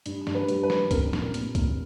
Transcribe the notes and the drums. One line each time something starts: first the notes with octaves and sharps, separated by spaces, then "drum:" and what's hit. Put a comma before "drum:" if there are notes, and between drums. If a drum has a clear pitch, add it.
G2, drum: hi-hat
G2, drum: snare
B4
G3, drum: hi-hat
B4
G2, drum: snare
C4 A#4, drum: kick C2, hi-hat
A#2, drum: snare
A#2, drum: hi-hat
A#2, drum: kick C2, hi-hat